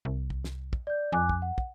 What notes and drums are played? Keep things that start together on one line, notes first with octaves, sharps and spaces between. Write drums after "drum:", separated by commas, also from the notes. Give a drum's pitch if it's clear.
C2
drum: kick
drum: snare
drum: kick
D5 G6
F2 G#5 D6 F#6
drum: kick
F#5
drum: kick